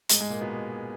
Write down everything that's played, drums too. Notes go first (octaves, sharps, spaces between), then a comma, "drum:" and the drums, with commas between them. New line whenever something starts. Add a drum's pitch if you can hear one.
G#2 G#3, drum: hi-hat
G#2 G#3
A#2 A#3
B2 B3